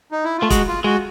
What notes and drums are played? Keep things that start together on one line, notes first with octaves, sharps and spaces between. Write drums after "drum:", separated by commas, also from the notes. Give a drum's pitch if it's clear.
D#4
E4
A3 F4
G#3 F#4, drum: kick, hi-hat
F4
G#3 F#4